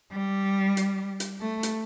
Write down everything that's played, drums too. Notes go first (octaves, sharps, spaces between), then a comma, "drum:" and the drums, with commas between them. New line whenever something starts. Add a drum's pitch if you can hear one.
G3
drum: hi-hat
drum: hi-hat
A3
drum: hi-hat